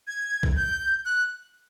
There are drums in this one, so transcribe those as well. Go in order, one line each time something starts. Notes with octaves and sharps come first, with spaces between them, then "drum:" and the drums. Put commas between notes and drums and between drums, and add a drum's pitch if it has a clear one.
G#6
drum: kick B1
G6
F#6